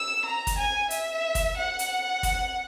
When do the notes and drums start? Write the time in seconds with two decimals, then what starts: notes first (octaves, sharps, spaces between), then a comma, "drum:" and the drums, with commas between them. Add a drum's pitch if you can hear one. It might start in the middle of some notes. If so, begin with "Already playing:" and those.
Already playing: E6
0.25 A#5
0.47 drum: kick, hi-hat
0.58 G#5
0.90 E5, drum: hi-hat
1.35 drum: kick, hi-hat
1.57 F#5
1.79 drum: hi-hat
2.23 drum: kick, hi-hat